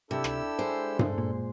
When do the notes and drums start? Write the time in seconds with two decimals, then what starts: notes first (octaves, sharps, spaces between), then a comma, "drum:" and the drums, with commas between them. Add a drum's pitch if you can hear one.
0.11 C3 D4 E4 G4 A4 E6
0.24 drum: rim click
0.59 G#3 C5
0.99 drum: tom G2
1.18 A#2